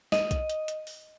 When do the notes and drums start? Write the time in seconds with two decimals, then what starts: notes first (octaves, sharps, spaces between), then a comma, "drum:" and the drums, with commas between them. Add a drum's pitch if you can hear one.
0.12 D#5, drum: snare
0.31 drum: kick B1, hi-hat
0.50 drum: hi-hat
0.68 drum: hi-hat
0.87 drum: open hi-hat